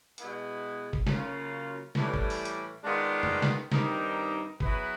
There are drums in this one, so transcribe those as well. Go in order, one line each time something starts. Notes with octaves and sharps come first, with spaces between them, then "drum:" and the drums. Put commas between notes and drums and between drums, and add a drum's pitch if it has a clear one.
B2 G#3 B3 E4, drum: hi-hat
drum: kick
C#3 F#3 A#3 C#4 F4, drum: snare
A2 E3 G3, drum: snare
drum: kick
drum: open hi-hat
drum: hi-hat
D#3 G#3 B3 D4 F4
drum: tom F2
drum: snare
G2 D#3 G3 C4 D#4, drum: snare
F#3 B3 E4 G#4 B4, drum: kick